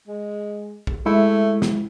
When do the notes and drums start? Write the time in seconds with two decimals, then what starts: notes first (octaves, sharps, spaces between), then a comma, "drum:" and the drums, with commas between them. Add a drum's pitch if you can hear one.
0.08 G#3
0.87 drum: kick
1.06 G#3 A3 E4
1.62 drum: snare